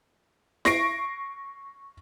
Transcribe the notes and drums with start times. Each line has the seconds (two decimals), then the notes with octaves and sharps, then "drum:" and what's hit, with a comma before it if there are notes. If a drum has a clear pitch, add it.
0.65 C#6 A#6 C7 D7, drum: snare E4